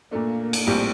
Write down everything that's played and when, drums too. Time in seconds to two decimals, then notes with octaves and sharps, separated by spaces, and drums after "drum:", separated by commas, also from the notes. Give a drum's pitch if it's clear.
0.11 A#2 A3 A#3 D4
0.53 drum: cymbal
0.67 A#1 A2 G3 C4 G4